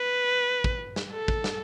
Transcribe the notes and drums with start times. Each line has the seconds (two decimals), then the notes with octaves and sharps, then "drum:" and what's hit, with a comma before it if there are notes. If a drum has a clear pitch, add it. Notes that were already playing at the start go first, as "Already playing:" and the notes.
Already playing: B4
0.64 drum: kick
0.96 drum: snare
1.12 A4
1.28 drum: kick
1.44 drum: snare